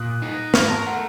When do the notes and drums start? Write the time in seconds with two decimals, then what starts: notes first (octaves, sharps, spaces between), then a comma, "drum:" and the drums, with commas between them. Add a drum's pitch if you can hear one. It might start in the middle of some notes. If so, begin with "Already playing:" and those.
Already playing: A#2 D#6 F#6
0.22 D#4
0.54 A#4 C#6 F6, drum: snare
0.70 A5 C6
0.86 A3 F#5 A#5